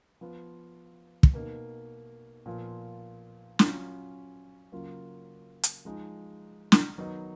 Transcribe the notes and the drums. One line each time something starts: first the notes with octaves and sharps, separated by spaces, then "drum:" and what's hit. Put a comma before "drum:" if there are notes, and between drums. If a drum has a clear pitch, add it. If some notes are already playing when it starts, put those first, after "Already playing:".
F3 B3 F4
drum: kick
B2 A#3 D#4
A#2 F3 B3 F4
F#3 C#4 F4, drum: snare
C#3 F#3 A#3 F4
drum: hi-hat
F3 G#3 D#4
drum: snare
D#3 F#3 B3 D#4